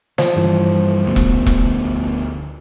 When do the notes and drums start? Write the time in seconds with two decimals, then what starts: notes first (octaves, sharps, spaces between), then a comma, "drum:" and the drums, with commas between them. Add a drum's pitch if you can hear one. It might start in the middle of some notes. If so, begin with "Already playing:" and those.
0.18 F3, drum: snare
0.37 G2 E3
1.07 D2 B2
1.16 drum: kick E1
1.47 drum: kick E1